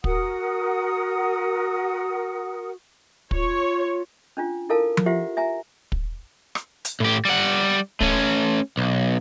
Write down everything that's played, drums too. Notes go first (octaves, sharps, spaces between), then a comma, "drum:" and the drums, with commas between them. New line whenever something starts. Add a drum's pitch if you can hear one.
F#4 A#4 F#5 D#6, drum: kick
F4 C#5, drum: kick
C#4 D4 F4
E4 A4 A#4 F5 A5
drum: tom F3
F4 G4 C5 E5 F#5
E5 G#5 A#5
drum: kick
drum: rim click
drum: hi-hat
A2 G4
G3 F#5
A3 C#4, drum: kick
B1